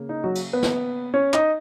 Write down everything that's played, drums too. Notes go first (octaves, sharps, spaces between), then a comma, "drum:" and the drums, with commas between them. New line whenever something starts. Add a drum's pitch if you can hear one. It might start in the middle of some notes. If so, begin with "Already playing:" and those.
Already playing: C#3 A#3
D#4
F#3 F#4
drum: cymbal
B3 B4
drum: snare
C#4 C#5
D#4 D#5, drum: clap